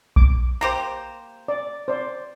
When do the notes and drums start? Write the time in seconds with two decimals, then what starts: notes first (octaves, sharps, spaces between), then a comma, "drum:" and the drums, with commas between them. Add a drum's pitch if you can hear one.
0.16 D6, drum: kick A#1
0.61 A#3 G4 C5 A#5
1.48 D5
1.88 C5 D5